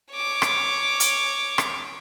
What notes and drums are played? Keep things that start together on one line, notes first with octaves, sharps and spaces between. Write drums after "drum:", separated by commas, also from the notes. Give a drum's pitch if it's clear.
C#5 D6
drum: rim click
drum: hi-hat
drum: rim click